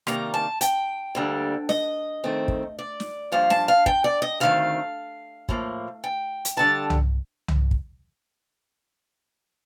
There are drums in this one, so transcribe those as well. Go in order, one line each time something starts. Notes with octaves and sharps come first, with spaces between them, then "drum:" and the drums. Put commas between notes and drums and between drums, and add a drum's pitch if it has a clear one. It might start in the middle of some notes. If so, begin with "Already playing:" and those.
C3 D#3 G3 A#3 A#5, drum: rim click
A5
G5, drum: hi-hat
D2 D3 G3 A#3
D#5, drum: snare
F2 D#3 A3 C4
drum: kick
D5
drum: snare
G2 F3 A#3 F5
A5, drum: snare
F5
G5, drum: kick
D5
D#5
D2 C3 D#3 A3 F5
A2 F3 A#3, drum: kick
G5
drum: hi-hat
G2 D3 G3 A5
drum: tom C2
drum: tom C2
drum: kick